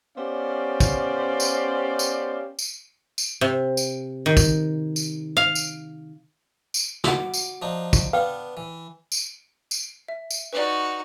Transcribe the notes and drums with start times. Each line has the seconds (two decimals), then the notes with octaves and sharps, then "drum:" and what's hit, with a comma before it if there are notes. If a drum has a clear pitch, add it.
0.18 B3 C#4 G4 C5 D5 F5
0.80 drum: kick, tambourine
1.40 drum: tambourine
1.99 drum: tambourine
2.59 drum: tambourine
3.18 drum: tambourine
3.41 C3
3.77 drum: tambourine
4.26 D#3
4.37 drum: kick, tambourine
4.96 drum: tambourine
5.37 F5
5.55 drum: tambourine
6.74 drum: tambourine
7.04 F#4 F#5 D6, drum: snare
7.34 drum: tambourine
7.62 F3 D4 D#4
7.93 drum: kick, tambourine
8.13 B3 D4 B4 F5 G5
8.57 E3
9.12 drum: tambourine
9.71 drum: tambourine
10.08 E5
10.30 drum: tambourine
10.53 D#4 F#4 B4 D5